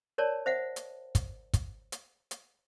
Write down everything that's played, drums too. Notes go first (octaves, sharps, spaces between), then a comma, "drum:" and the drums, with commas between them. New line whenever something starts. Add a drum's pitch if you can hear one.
A#4 C#5 D5 A5
C5 E5 F#5
drum: hi-hat
drum: kick, hi-hat
drum: kick, hi-hat
drum: hi-hat
drum: hi-hat